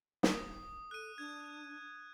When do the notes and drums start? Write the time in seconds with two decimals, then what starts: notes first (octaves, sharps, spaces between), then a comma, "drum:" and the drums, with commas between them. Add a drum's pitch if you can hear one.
0.23 D#6, drum: snare
0.91 A4 F#6 D#7
1.18 D4 G#6